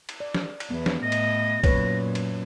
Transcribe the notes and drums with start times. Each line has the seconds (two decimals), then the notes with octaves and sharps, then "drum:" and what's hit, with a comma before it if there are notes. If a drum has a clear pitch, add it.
0.09 drum: cymbal
0.20 D5
0.35 drum: snare
0.60 drum: cymbal
0.70 E2 B3
0.86 drum: snare
1.03 A2 D#5 A#6
1.12 drum: cymbal
1.64 F#2 A#2 B4 C#5, drum: kick, cymbal
2.15 drum: cymbal